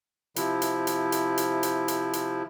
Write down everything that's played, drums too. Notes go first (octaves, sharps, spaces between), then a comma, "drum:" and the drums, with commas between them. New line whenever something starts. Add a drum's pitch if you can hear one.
C3 F3 E4, drum: hi-hat
drum: hi-hat
drum: hi-hat
drum: hi-hat
drum: hi-hat
drum: hi-hat
drum: hi-hat
drum: hi-hat